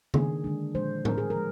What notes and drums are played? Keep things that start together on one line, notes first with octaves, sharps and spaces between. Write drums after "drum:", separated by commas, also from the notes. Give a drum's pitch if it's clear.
D#3 A#3 D4 G#4, drum: tom C#3
D3 G#3 D4
A#2 F3 G#3 D4 C5
D#3 G3 D4 A#4, drum: tom A2
G#4
A#4
F3 G#3